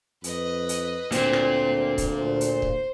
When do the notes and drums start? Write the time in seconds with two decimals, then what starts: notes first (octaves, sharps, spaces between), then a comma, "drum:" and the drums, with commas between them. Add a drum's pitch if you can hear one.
0.24 F2 B4 D#5, drum: hi-hat
0.69 drum: hi-hat
1.12 D2 A#2 C4, drum: hi-hat
1.33 drum: rim click
1.98 drum: kick, hi-hat
2.08 C5
2.41 drum: hi-hat
2.62 drum: kick